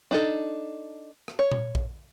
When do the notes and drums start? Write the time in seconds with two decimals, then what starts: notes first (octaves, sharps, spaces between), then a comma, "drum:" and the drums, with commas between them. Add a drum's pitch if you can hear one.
0.11 D4 D#4 A4
1.28 drum: rim click
1.39 C#5
1.52 drum: tom A#2
1.75 drum: kick A#1